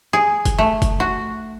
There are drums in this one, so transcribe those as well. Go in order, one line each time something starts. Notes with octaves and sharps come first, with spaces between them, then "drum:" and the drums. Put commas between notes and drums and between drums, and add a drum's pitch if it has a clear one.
G#4
drum: kick, hi-hat
A3
drum: kick, hi-hat
F#4